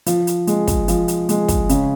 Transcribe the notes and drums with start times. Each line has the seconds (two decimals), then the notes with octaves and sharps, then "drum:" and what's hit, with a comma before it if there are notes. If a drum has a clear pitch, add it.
0.06 F3, drum: hi-hat
0.27 drum: hi-hat
0.47 G#3, drum: hi-hat
0.68 drum: kick, hi-hat
0.88 F3, drum: hi-hat
1.08 drum: hi-hat
1.29 G#3, drum: hi-hat
1.49 drum: kick, hi-hat
1.69 C#3, drum: hi-hat